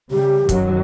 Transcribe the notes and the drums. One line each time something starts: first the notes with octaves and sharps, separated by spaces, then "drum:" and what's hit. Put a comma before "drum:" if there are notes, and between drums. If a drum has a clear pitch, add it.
C#3 G3 G4
F#2 D#3 F#3, drum: kick, hi-hat